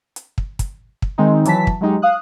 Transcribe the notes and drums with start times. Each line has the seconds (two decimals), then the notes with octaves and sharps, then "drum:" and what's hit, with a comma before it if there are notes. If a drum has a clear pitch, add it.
0.16 drum: hi-hat
0.38 drum: kick
0.59 drum: kick, hi-hat
1.02 drum: kick
1.18 D#3 G#3 C4 D#4
1.45 E3 F#3 A5 B6, drum: hi-hat
1.67 drum: kick
1.81 F#3 G#3 D#4 G4
2.02 F5 D#6 F#6